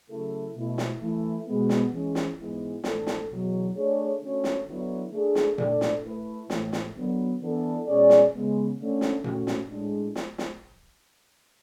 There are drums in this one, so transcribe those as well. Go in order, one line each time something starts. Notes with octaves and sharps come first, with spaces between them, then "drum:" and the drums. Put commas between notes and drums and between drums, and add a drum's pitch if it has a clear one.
C#3 F#3 A3 E4 A4
B2 A3 E4
drum: snare
E3 A3 E4
B2 G#3 B3
drum: snare
E3 G#3 C#4
drum: snare
G#2 E3 G#3 B3 E4
A2 E3 A3 D4 A4, drum: snare
drum: snare
E2 B2 F#3
A3 D4 G#4 C#5
D3 A3 C#4 F#4 C#5
drum: snare
D3 F#3 B3 E4 B4
A3 D4 G#4
drum: snare
A3 D4 A4 D5, drum: tom A#2
drum: snare
A3 E4 B4
A2 E3 A3, drum: snare
drum: snare
D3 F#3 B3
E3 B3 D4 A4
B2 G#3 C#4 G#4 D5
drum: snare
C#3 G#3 B3
D3 A3 C#4
drum: snare
A3 C#4 F#4, drum: tom A#2
drum: snare
A2 G#3 D4
drum: snare
drum: snare